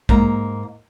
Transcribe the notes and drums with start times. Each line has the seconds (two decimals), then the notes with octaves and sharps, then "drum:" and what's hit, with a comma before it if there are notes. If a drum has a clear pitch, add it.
0.09 G#2 A#3 A#5, drum: kick B1